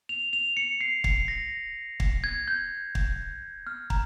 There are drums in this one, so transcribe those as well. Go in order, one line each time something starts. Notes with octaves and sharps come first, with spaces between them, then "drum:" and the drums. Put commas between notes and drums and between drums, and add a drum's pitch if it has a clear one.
F7
F7
C#7
C7
C7, drum: kick
A#6
drum: kick
G#6
G6
drum: kick
F6
A#5, drum: kick